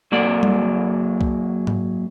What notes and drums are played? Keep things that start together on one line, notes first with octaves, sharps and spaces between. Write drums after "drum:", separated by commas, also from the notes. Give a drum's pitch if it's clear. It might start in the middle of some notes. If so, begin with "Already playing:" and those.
F#2 F#3 A#3 D5
drum: tom G3
drum: kick B1
drum: tom G#2